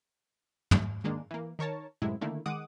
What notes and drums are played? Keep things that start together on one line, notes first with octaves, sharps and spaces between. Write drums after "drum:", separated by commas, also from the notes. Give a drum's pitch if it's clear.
drum: tom
D#3 G#3 A#3 D4
E3 A#3
D#3 A#4 C#5 A5
F#2 A2 C3 G#3 E4
D3 D#3 A3 A#3 E4
D#3 G#3 F#5 D6 D#6